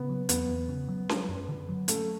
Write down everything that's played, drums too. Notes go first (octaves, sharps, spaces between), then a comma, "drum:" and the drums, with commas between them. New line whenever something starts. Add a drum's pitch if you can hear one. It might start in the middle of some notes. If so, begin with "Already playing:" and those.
Already playing: C#3 B3
F#3
E2 B3, drum: hi-hat
E2
C#3
F#3
C#4, drum: snare C#4
F#2
D3
F#3
A3 C#4, drum: hi-hat